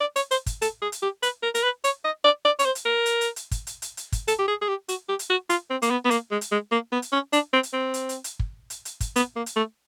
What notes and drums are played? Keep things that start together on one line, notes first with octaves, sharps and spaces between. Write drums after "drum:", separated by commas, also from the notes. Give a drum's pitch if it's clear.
D5
C#5, drum: hi-hat
C5, drum: hi-hat
drum: kick, hi-hat
A4, drum: hi-hat
G#4
drum: hi-hat
G4
B4, drum: hi-hat
A#4
A#4, drum: hi-hat
B4
C#5, drum: hi-hat
D#5
D5
D5
C#5, drum: hi-hat
C5
drum: hi-hat
A#4
drum: hi-hat
drum: hi-hat
drum: hi-hat
drum: kick, hi-hat
drum: hi-hat
drum: hi-hat
drum: hi-hat
drum: kick, hi-hat
A4, drum: hi-hat
G4
G#4
G#4
G4
F#4, drum: hi-hat
G4
drum: hi-hat
F#4
F4, drum: hi-hat
C4
A#3, drum: hi-hat
B3
B3
A#3, drum: hi-hat
G#3
drum: hi-hat
G#3
A#3
B3
drum: hi-hat
C#4
D4, drum: hi-hat
C4
drum: hi-hat
C4
drum: hi-hat
drum: hi-hat
drum: hi-hat
drum: kick
drum: hi-hat
drum: hi-hat
drum: kick, hi-hat
B3, drum: hi-hat
A#3
drum: hi-hat
A3